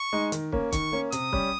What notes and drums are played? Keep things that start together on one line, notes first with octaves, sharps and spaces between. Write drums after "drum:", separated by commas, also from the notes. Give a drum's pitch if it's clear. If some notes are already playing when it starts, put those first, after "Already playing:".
Already playing: C#6
G#3 D#4
D#3, drum: hi-hat
A#3 C#4, drum: kick
D#3 C#6, drum: kick, hi-hat
A#3 C#4
C3 D#6, drum: hi-hat
G3 C#4, drum: kick